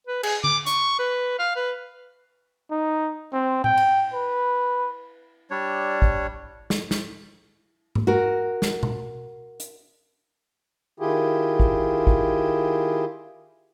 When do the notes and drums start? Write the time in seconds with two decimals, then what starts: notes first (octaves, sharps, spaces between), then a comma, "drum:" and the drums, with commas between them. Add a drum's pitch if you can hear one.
0.07 B4
0.23 G#4, drum: cymbal
0.44 D6, drum: tom D3
0.66 C#6, drum: hi-hat
0.99 B4
1.39 F5
1.56 B4
2.71 D#4
3.33 C4
3.64 G5, drum: tom A#2
3.77 drum: cymbal
4.14 B4
5.51 G3 D4 C#5
6.02 drum: kick
6.70 drum: snare
6.91 drum: snare
7.95 drum: tom G#2
8.07 F#4 A#4
8.62 drum: snare
8.83 drum: tom B2
9.60 drum: hi-hat
11.00 D#3 E4 F4 G4 G#4
11.60 drum: kick
12.07 drum: kick